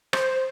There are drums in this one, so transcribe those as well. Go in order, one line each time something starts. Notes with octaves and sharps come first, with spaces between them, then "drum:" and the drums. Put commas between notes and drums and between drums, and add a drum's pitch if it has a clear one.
C5, drum: rim click